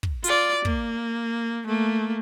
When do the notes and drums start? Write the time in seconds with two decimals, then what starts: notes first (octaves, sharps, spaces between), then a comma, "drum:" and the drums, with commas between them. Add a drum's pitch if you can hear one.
0.03 drum: kick
0.24 F4 D5, drum: hi-hat
0.65 A#3, drum: kick
1.67 A3 A#3